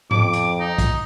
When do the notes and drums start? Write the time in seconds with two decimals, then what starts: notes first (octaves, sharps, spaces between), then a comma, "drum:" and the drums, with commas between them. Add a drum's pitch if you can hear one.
0.11 F2 D6, drum: tom G#2
0.33 drum: hi-hat
0.60 D#4
0.78 drum: kick, hi-hat